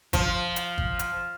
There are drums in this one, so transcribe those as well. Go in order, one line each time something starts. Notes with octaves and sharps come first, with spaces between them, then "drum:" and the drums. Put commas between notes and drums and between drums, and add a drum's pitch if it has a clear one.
F3, drum: kick G1, hi-hat
drum: hi-hat
drum: kick G1
drum: hi-hat